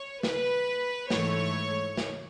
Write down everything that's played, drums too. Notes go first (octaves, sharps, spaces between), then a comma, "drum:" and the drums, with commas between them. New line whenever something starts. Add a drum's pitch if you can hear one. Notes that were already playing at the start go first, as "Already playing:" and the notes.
Already playing: C#5
B4, drum: snare
G#2 E3 A3 C#5, drum: snare
drum: snare